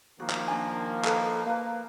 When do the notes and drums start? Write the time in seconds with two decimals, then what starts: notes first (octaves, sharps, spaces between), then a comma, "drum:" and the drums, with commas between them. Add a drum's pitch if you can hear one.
0.20 D#3 F3 A#3 F#4
0.30 drum: clap
0.48 D4 G#5
1.05 A4 B4 D#5, drum: clap
1.47 A#3 B4 F5